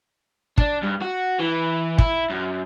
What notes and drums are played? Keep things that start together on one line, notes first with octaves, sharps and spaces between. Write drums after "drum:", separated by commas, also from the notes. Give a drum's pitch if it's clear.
D4, drum: kick
G2
F#4
E3
E4, drum: kick
F#2